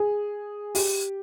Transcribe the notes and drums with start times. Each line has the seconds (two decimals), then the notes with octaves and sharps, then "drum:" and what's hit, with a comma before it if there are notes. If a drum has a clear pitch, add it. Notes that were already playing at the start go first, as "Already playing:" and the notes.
Already playing: G#4
0.75 G4, drum: open hi-hat